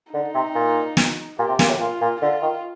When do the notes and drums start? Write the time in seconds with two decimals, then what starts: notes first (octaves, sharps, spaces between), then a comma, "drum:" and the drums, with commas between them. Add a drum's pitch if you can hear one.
0.13 D3 D#4
0.35 C3
0.55 A#2
0.97 drum: snare
1.38 A#2 G4
1.49 C3
1.59 A#2, drum: snare
1.69 A2
1.80 A#2 F4
2.01 A#2
2.21 D3 F4
2.42 D#3